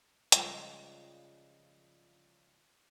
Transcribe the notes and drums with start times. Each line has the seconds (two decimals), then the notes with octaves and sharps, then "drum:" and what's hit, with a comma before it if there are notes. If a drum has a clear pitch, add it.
0.32 C#3 F3 G3 G#3, drum: hi-hat